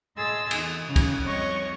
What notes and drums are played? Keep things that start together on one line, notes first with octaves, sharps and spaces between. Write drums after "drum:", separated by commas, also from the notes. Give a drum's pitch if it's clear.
A2 G#4 D#5 C6 E6 A6
E2, drum: cymbal
C#3
drum: kick, cymbal
F2 G3 C#5 D#5 C#6